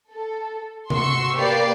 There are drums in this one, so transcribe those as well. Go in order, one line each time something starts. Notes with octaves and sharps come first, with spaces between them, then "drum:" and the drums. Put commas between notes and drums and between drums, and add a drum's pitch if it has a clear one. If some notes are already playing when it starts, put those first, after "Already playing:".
A4
F#4 C6 C#6 E6 C#7, drum: tom C3
A#3 G4 B4 D5 C7